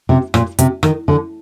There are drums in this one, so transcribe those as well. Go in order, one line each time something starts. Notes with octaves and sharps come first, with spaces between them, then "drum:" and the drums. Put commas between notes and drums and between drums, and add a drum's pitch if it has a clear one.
C3
A#2, drum: rim click
C3, drum: hi-hat
D#3, drum: rim click
D3